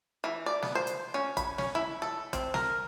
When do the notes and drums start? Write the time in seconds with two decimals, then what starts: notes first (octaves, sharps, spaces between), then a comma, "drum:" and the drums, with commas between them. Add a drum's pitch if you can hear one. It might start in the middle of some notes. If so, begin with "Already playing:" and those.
0.24 E3
0.46 D5
0.63 B3, drum: snare
0.75 C5
0.87 drum: hi-hat
1.14 C#4
1.37 B5, drum: kick, hi-hat
1.58 C#4, drum: snare
1.75 E4
2.02 A4
2.33 C4, drum: kick, hi-hat
2.54 A#4, drum: snare